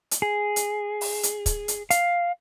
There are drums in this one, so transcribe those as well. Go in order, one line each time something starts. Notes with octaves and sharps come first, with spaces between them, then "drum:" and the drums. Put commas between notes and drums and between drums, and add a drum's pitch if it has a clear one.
drum: hi-hat
G#4
drum: hi-hat
drum: open hi-hat
drum: hi-hat
drum: kick, hi-hat
drum: hi-hat
F5, drum: hi-hat